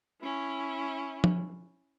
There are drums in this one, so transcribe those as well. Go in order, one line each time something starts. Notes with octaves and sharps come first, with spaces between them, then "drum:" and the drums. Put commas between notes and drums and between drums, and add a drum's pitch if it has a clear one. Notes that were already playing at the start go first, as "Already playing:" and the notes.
C#4 E4
drum: tom F3